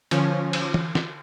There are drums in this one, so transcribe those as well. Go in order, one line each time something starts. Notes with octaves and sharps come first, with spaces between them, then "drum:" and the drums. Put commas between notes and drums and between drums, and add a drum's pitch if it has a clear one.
D3 F3 C#4, drum: cymbal
drum: cymbal
drum: tom E3
drum: snare